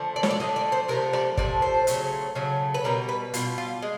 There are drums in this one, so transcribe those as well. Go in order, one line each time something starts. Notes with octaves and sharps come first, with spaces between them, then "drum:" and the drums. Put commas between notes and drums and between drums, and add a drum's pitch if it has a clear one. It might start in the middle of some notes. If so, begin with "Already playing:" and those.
Already playing: D3 F3 A3
D5
C#5, drum: snare
D5
D3 F3 A3 D#5
D5
C5
C3 F3 A3 A#4
D5, drum: rim click
C3 F3 A3 D5, drum: kick
C5
C#3 F#3 A3, drum: hi-hat
C#3 F#3 A3
B4
B2 G3 A#4
B4
B2 G3 F4, drum: hi-hat
F4
G#3